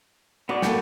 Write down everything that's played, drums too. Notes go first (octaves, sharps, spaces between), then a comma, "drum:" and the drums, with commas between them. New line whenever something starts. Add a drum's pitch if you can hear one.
B3 D4 F#4 D5
A#3 A4 G5, drum: snare